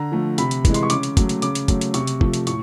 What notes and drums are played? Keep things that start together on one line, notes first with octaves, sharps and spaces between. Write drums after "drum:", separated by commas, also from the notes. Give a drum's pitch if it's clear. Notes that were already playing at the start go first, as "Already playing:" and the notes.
Already playing: D3 A#5
F3 A3
C3 B5, drum: hi-hat
drum: hi-hat
E3 G#3, drum: kick, hi-hat
C6, drum: hi-hat
C#6
C#3 D6, drum: hi-hat
drum: hi-hat
F#3 A3, drum: kick, hi-hat
drum: hi-hat
C#3 D6, drum: hi-hat
drum: hi-hat
F#3 A3, drum: kick, hi-hat
drum: hi-hat
C3 C#6, drum: hi-hat
drum: hi-hat
F3 A3, drum: kick
drum: hi-hat
A2 C#6, drum: hi-hat